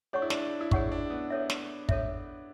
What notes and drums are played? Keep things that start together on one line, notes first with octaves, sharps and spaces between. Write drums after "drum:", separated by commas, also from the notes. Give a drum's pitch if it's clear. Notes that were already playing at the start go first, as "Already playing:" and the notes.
D4 G#4 C#5 F#5 C#6
E4
D4, drum: snare
E4
D4 G#4 C#5 F#5 C#6, drum: kick
D4
B3
A4 C#5 E5
drum: snare
A4 C#5 E5, drum: kick